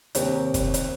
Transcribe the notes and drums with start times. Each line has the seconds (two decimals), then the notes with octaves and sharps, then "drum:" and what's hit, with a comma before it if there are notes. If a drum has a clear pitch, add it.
0.15 D#2 C3 C4 G4 A#4 C#5, drum: hi-hat
0.54 drum: kick, hi-hat
0.74 drum: hi-hat